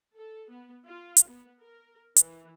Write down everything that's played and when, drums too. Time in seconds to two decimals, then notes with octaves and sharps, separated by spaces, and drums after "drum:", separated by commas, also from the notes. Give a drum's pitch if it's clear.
0.15 A4
0.50 B3
0.86 F4
1.17 drum: hi-hat
1.28 B3
1.60 A#4
2.16 E3, drum: hi-hat